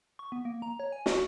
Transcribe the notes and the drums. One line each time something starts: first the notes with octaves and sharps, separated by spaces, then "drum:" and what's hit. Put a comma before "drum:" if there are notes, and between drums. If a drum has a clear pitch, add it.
C#6
B3
A#3
A#5
C#5
G#5
F#4, drum: snare